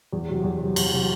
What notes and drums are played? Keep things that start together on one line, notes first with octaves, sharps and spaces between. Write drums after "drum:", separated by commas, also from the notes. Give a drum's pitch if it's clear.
E2
C3 F#3
E2
C3 F#3
E2, drum: cymbal
C3 F#3